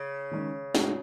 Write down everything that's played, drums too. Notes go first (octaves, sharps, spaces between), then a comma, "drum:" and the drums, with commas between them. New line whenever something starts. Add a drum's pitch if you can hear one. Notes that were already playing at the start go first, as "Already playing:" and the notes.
Already playing: C#3
D#3 G#3 C#4
A2 G#3 D#4 F#4, drum: snare